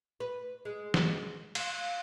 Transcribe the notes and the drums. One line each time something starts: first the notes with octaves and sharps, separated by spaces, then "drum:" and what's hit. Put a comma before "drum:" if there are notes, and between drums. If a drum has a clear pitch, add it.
B4
G#3
drum: snare
F5, drum: cymbal